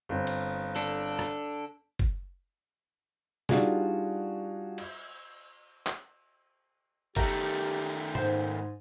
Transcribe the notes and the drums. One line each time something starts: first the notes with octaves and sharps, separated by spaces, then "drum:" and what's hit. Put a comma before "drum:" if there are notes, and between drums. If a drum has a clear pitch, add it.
G1 C4
drum: cymbal
D4 A4, drum: tambourine
drum: rim click
drum: kick F#1
G3 D4 D#4 F4 F#4 G#4, drum: snare
drum: cymbal
drum: clap
D#3 A3 G4 A#4, drum: kick F#1
G#2 C5, drum: tom A#2